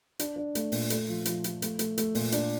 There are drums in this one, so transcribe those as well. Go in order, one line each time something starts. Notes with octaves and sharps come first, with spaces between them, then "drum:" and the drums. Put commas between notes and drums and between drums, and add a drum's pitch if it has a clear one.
D4, drum: hi-hat
D4
A3, drum: hi-hat
A#2, drum: open hi-hat
A3, drum: hi-hat
F3
F3, drum: hi-hat
F3, drum: hi-hat
A3, drum: hi-hat
A3, drum: hi-hat
A3, drum: hi-hat
A#2, drum: open hi-hat
D4, drum: hi-hat